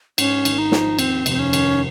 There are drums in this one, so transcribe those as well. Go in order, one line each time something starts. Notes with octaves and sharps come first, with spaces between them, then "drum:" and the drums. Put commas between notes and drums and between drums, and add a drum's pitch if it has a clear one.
G#2 C#4, drum: cymbal
G#1, drum: cymbal
D#4
F3, drum: snare
D#2 C4, drum: cymbal
F1 C4, drum: cymbal
C#4
D#3, drum: cymbal